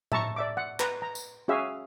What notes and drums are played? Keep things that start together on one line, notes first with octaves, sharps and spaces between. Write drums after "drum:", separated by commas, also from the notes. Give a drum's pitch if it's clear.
E5 A5 A#5 C#6, drum: tom A2
D5 E5 D6
F#5
B4 A#5, drum: clap
A#5
drum: tambourine
C#4 F#4 G#4 E5 F5